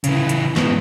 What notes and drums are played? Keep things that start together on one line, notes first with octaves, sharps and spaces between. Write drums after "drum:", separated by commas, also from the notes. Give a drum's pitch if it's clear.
C#3 E3, drum: hi-hat
drum: hi-hat
G#2 B3, drum: snare